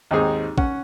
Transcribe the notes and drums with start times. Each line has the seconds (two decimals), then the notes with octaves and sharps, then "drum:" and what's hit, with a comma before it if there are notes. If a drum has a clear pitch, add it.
0.11 D#2 G#2 C4 D#4 G#4
0.58 C#4 F#5, drum: kick